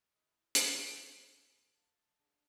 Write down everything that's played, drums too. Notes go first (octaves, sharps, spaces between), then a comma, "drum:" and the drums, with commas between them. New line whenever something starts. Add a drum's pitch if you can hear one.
A2 G#3 D#6
drum: hi-hat
F5 A5
D4 G#4